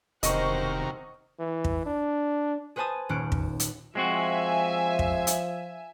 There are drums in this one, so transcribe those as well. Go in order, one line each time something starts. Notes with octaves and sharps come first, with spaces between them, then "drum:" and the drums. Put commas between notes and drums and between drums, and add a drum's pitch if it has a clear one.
E1 C3 D#3 A#4 C5 D#5 F#5 C#6, drum: hi-hat
E3
drum: kick
D4
G#4 B4 C5 G#5 A5 D#6
D#1 C#4 F#6 D7
drum: kick
drum: hi-hat
F3 G#3 C4 F#4 E5 G#5
drum: kick
drum: hi-hat